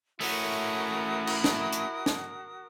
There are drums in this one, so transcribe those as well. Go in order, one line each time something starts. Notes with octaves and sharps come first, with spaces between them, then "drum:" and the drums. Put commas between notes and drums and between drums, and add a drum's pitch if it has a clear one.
A3 C#4 E4 F#4 A#4 D#6, drum: open hi-hat
drum: cymbal
drum: snare
drum: hi-hat
drum: snare